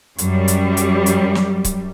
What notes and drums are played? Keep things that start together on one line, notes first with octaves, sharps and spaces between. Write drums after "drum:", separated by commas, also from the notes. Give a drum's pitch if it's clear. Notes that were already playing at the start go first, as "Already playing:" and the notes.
F#2 G3, drum: hi-hat
drum: hi-hat
drum: hi-hat
drum: hi-hat
drum: snare
drum: kick C#1, hi-hat